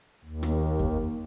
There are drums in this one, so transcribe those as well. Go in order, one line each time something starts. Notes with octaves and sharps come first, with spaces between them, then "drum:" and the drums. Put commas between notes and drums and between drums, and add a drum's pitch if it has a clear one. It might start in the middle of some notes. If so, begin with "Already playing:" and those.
D#2
drum: rim click
drum: kick F2